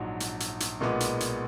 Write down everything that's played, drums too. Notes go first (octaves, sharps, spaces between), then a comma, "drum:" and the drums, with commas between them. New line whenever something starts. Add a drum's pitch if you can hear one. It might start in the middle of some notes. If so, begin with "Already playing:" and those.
Already playing: A#1 G#2 F#3
drum: hi-hat
drum: hi-hat
drum: hi-hat
B1 A#2 G#3 B3, drum: snare
drum: hi-hat
drum: hi-hat